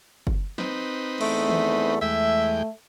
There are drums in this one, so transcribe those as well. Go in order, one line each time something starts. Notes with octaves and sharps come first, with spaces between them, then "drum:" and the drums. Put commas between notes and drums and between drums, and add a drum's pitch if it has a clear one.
drum: kick F#1
C4 D#4 B4, drum: snare
E2 A3, drum: cymbal
drum: tom D#3
E2 G#3 A3 E5 G5